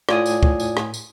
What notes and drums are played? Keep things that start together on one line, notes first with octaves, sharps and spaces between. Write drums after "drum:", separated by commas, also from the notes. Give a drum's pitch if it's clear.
A2 F4 D5 G#5 D#6, drum: rim click
drum: tambourine
drum: kick
drum: tambourine
drum: rim click
drum: tambourine